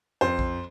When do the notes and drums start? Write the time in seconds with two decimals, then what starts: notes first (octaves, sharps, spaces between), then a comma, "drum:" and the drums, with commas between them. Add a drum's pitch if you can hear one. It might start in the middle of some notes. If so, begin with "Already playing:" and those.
0.21 F2 C5
0.39 drum: kick A#1